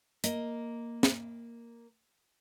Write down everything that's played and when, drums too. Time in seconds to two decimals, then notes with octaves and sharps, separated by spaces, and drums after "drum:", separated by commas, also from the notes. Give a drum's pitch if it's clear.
0.24 A#3 D#5, drum: hi-hat
1.03 drum: snare